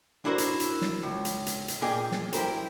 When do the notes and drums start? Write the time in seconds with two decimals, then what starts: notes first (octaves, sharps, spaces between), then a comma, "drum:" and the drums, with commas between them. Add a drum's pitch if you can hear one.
0.25 D4 E4 F#4 A#4 C5
0.38 drum: hi-hat
0.60 drum: hi-hat
0.81 drum: snare
1.03 C#2
1.25 drum: hi-hat
1.46 drum: hi-hat
1.68 drum: hi-hat
1.81 A#2 A#3 G#4 D#5 G5
2.12 drum: snare
2.33 E4 G4 G#4 A#4 C5, drum: hi-hat